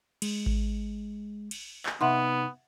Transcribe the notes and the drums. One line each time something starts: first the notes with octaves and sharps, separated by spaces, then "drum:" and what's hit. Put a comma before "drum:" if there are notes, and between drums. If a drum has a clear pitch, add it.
G#3, drum: cymbal
drum: kick G#1
drum: cymbal
drum: clap
C3 B3 D#4 E5 F#5 C6